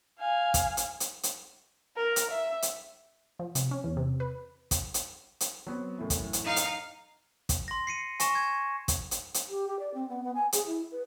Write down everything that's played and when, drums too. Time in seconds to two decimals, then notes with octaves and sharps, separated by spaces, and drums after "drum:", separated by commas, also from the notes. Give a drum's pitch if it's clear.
0.19 F5 G#5
0.54 drum: kick, hi-hat
0.77 drum: hi-hat
1.00 drum: hi-hat
1.23 drum: hi-hat
1.97 A#4
2.16 drum: hi-hat
2.31 E5
2.62 drum: hi-hat
3.39 F3
3.55 C3, drum: hi-hat
3.71 C#4
3.84 E2
3.97 C3
4.20 B4
4.71 drum: kick, hi-hat
4.94 drum: hi-hat
5.40 drum: hi-hat
5.67 F#3 B3 C4
5.98 F#2 A2 E3
6.10 drum: kick, hi-hat
6.33 drum: hi-hat
6.44 D#4 F5
6.56 drum: hi-hat
7.49 drum: kick, hi-hat
7.68 C6 A#6
7.87 C7 C#7 D#7
8.20 G#5 C#6 A#6 E7, drum: hi-hat
8.35 G#6
8.88 drum: kick, hi-hat
9.11 drum: hi-hat
9.34 drum: hi-hat
9.49 G4
9.67 G4
9.79 D5
9.93 C4
10.08 B3
10.23 B3
10.35 G#5
10.53 G#4, drum: hi-hat
10.66 E4
10.91 B4